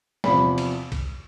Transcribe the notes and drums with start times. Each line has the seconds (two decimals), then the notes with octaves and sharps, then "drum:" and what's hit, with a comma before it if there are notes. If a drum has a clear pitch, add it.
0.24 E2 C3 F3 B5, drum: snare
0.58 drum: cymbal
0.92 drum: kick, cymbal